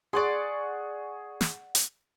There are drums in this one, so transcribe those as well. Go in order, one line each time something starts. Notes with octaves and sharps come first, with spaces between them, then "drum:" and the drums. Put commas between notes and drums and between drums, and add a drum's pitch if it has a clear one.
G#4 D5 F#5 C6 C#6
drum: snare
drum: hi-hat